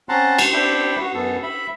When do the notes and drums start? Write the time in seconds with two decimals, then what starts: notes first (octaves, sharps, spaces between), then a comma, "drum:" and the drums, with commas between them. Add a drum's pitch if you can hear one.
0.09 C4 C#4 F#5 A5 A#5 C6
0.39 drum: cymbal
0.53 C4 D4 E4 G5 B5
1.01 F#4
1.14 F#2 B3 A4
1.43 E5 B5